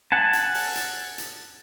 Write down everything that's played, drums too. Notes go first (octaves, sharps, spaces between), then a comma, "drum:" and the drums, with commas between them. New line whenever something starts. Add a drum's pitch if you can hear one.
F#5 G#5 A5
drum: hi-hat
drum: open hi-hat
drum: hi-hat
drum: hi-hat